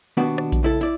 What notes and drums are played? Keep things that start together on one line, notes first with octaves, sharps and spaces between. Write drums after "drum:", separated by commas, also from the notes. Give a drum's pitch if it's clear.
D#2 B2 B3 D4 F#4
drum: rim click
drum: kick A#1, hi-hat
C#2 E4 A4
E4 D5, drum: hi-hat